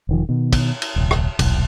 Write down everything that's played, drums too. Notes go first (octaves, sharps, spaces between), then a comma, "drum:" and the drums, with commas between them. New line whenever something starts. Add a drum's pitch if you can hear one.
E1 D#3 F3
B2 D#3
drum: kick, cymbal
drum: cymbal
D#1 C2
drum: rim click
D#1 B1, drum: kick, cymbal